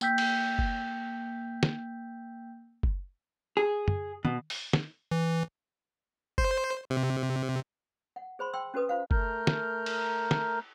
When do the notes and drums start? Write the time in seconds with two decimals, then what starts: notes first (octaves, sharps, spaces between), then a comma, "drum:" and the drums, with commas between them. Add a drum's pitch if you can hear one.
0.01 A#3 G5 E6 G6 B6, drum: tambourine
0.18 drum: cymbal
0.59 drum: kick F#1
1.63 drum: snare
2.83 drum: kick F#1
3.57 G#4
3.88 drum: tom
4.25 B2, drum: tom
4.50 drum: open hi-hat
4.73 drum: snare
5.11 E3
6.38 C5, drum: kick F#1
6.90 C3
8.16 F#5
8.39 G#4 C5 B5 C6
8.53 G5 C6 E6
8.74 C#4 F#4 A4 B4 D#6
8.89 F4 C5 F5
9.11 A3 A#4 A#5 F6 G6, drum: kick F#1
9.47 drum: snare
9.86 drum: cymbal
10.31 drum: snare